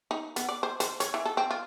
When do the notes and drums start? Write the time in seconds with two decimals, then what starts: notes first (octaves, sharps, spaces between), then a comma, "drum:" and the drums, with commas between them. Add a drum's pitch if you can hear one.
0.11 D#4
0.36 B3, drum: hi-hat
0.49 D5
0.63 C5
0.80 C5, drum: hi-hat
1.00 C#5, drum: hi-hat
1.14 E3
1.25 A4
1.37 C4
1.51 F4